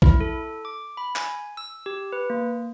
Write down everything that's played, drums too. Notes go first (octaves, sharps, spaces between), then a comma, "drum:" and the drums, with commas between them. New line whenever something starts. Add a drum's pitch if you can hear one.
E4, drum: kick A#1
A4
D6
B5
G#5, drum: clap
E6
G4
B4
A#3